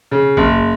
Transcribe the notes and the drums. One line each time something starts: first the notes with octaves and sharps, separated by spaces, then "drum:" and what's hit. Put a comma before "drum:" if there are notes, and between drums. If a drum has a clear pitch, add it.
C#3
F#1, drum: kick G#1